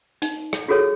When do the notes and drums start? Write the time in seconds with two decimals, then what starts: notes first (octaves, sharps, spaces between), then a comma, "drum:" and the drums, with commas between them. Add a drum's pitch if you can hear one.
0.22 D#4, drum: hi-hat
0.53 drum: rim click
0.68 F4 F#4 G#4 A4 C#5